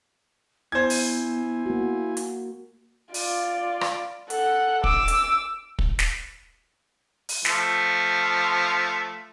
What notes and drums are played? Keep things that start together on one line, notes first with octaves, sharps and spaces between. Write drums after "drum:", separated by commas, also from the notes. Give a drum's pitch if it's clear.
B3 E4 C5 G#5 G#6
drum: open hi-hat
A#3 F#4
drum: hi-hat
F4 D5, drum: open hi-hat
drum: rim click
A4 F#5, drum: hi-hat
D6 E6, drum: kick
drum: hi-hat
drum: kick
drum: snare
drum: open hi-hat
F3 A3, drum: snare